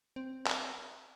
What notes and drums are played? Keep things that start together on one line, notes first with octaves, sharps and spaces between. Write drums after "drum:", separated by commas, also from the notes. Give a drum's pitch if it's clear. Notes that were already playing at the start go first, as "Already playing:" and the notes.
C4
drum: clap